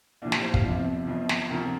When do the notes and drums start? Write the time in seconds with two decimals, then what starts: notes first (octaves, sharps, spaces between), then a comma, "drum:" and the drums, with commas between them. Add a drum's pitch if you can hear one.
0.22 C2 A#2 F3 D4
0.32 G4, drum: snare
0.43 C5
0.54 F5, drum: kick
0.64 G1 F2 C3 F3
1.07 G1 F2 F3
1.29 drum: snare
1.50 D2 C3 F3 A#4